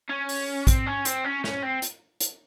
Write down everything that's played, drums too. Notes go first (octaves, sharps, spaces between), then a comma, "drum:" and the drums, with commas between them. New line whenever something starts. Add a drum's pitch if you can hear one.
C#4
drum: open hi-hat
C4, drum: kick, hi-hat
C#4
C4, drum: hi-hat
C#4
C#4, drum: snare
C4
drum: hi-hat
drum: hi-hat